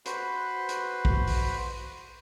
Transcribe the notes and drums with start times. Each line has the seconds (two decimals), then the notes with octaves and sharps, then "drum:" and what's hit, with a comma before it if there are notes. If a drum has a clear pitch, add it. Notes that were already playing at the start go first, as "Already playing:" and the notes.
0.06 F#4 B4 C5, drum: hi-hat
0.69 drum: hi-hat
1.05 drum: kick
1.27 drum: open hi-hat